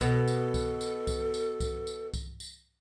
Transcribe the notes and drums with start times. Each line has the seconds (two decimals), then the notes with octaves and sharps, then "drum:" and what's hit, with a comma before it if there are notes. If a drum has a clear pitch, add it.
0.01 B2 A4, drum: kick C2, tambourine
0.28 drum: tambourine
0.54 drum: kick C2, tambourine
0.81 drum: tambourine
1.07 drum: kick C2, tambourine
1.34 drum: tambourine
1.60 drum: kick C2, tambourine
1.87 drum: tambourine
2.14 drum: kick C2, tambourine
2.40 drum: tambourine